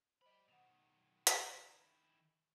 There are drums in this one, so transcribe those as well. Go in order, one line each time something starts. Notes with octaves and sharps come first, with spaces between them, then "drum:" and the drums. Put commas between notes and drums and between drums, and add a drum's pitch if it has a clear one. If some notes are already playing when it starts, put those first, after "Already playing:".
C5 D5 D#5 B5
B2 D#3 F#5 E7 F7
drum: hi-hat
D#3 E4 C#6